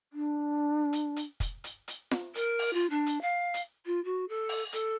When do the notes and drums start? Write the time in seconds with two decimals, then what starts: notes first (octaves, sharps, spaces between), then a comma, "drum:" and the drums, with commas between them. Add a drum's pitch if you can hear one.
0.13 D4
0.93 drum: hi-hat
1.16 drum: hi-hat
1.40 drum: kick, hi-hat
1.64 drum: hi-hat
1.88 drum: hi-hat
2.11 drum: snare F4
2.35 A#4, drum: hi-hat
2.59 drum: open hi-hat
2.73 F4
2.90 D4
3.06 drum: hi-hat
3.21 F5
3.54 drum: hi-hat
3.86 F4
4.04 F#4
4.29 A4
4.49 drum: open hi-hat
4.73 A4, drum: hi-hat